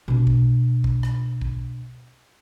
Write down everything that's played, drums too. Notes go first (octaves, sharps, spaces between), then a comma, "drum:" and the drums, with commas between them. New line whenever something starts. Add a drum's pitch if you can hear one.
B2 D4
drum: kick B1
drum: kick B1
drum: rim click
drum: kick B1